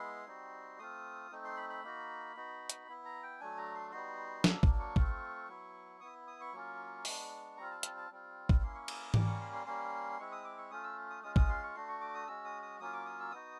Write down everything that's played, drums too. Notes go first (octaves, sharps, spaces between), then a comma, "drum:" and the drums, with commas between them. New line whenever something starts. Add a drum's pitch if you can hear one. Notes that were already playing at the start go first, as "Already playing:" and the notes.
Already playing: G#3 B3 E4 C6
G3 C4 D#4 F#4
A3 C4 F4 D#6
A3 C4 D#4
C6
B5
B5
A#3 D#4 F#4
B3 D#4 F#4
drum: hi-hat
B3 E4
A#5
G5
F#3 A3 D4 G#5
A#5
C6
G3 B3 D#4 F#4 C6
F#3 A#3 D4 E6, drum: snare
drum: kick
C#6
A3 C4 F4, drum: kick
F#3 B3 E4
B3 E4 D#6
D#6
C#6
F#3 A#3 C#4 F4
G#3 B3 D4, drum: open hi-hat
G3 C4 F4 A#5
A5
A5, drum: hi-hat
A5
G3 C4 F4
drum: kick
A#3 C#4 E4 C6
C#6
D#6, drum: cymbal
D#6
G3 A#3 C#4 D6, drum: tom G#2
C#6
C6
C6
G3 A#3 C#4 C6
G#3 C4 E4 C#6
D#6
D6
C#6
A3 C#4 F4 D#6
E6
D#6
G#3 C#4 F4 D#6
D#6, drum: kick
C6
C#6
A3 D4 F#4 C6
C#6
D6
D#6
G#3 C#4 F#4 E6
D#6
D#6
F#3 A#3 C#4 F4 D#6
D6
D#6
E6
B3 D#4 F#4 D#6